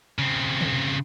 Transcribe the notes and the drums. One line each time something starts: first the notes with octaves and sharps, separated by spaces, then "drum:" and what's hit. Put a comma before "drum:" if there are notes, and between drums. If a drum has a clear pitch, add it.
C#3 C4
drum: tom